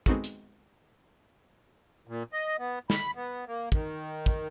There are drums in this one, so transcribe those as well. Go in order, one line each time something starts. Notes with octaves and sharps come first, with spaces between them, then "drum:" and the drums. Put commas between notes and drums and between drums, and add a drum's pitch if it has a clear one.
G#3 B3 C4 D#4 F#4 A4, drum: kick
drum: hi-hat
A#2
D#5
B3
B5, drum: snare
B3
A#3
D#3, drum: kick
drum: kick